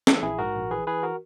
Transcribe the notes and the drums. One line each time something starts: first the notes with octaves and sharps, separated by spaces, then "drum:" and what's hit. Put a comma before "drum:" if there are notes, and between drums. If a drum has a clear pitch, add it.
E3, drum: snare
A#1 E4 G#4
G#2 F#4 A#4
A#1
E3 G#4 B4
E3 G#4 B4
F#4 A#4